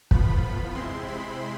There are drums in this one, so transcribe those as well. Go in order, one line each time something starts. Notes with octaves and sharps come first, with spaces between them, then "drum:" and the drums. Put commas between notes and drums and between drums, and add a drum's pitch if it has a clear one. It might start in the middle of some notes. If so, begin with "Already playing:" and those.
A2 F3 B3 F4 B5, drum: kick
B5
C3 G#3 C4 E4 C6
B5